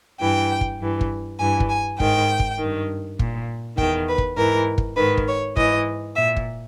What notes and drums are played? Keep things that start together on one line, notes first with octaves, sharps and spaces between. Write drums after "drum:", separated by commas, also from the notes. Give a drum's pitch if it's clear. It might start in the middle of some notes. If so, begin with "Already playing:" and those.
G2 E3 G5
drum: kick
G2 E3
drum: kick
G2 E3 G#5
drum: kick
G#5
G#2 D#3 G5, drum: kick
drum: kick
G2 D#3
A#2, drum: kick
E2 D#3 G5, drum: kick
B4
drum: kick
G#2 E3 A#4
drum: kick
G#2 D#3 B4
drum: kick
C#5
G#2 E3 D#5, drum: kick
A#2 E5
drum: kick